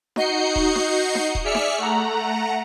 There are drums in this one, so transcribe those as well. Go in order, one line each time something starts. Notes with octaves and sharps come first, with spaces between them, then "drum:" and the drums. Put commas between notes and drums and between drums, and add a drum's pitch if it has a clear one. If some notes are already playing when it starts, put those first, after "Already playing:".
D#4 F#4 D#5 G6 C7 C#7, drum: snare D#4
drum: kick D#1
drum: snare D#4
drum: snare D#4
drum: kick D#1
G#4 D5 E5 F6 B6 C#7
drum: snare D#4
A3 F#5 A#5